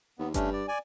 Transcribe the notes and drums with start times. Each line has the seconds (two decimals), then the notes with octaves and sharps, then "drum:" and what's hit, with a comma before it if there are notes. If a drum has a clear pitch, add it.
0.19 D#2 B3
0.34 G2 A3 C#4 D4, drum: kick F#1, hi-hat
0.53 D5
0.68 D5 G#5